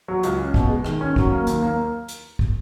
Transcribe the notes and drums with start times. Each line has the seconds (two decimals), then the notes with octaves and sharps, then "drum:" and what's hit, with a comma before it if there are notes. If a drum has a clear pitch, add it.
0.08 F#3
0.23 C#2, drum: hi-hat
0.38 C#4
0.54 B2, drum: kick
0.69 G#3
0.85 D#3, drum: rim click
1.01 C#4
1.16 F#3, drum: kick
1.31 A#3
1.47 D#2, drum: hi-hat
1.62 A#3
2.08 drum: hi-hat
2.39 drum: kick